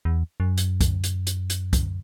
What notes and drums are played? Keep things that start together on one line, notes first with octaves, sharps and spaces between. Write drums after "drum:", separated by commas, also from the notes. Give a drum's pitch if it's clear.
E2
F#2
drum: hi-hat
drum: kick, hi-hat
drum: hi-hat
drum: hi-hat
drum: hi-hat
drum: kick, hi-hat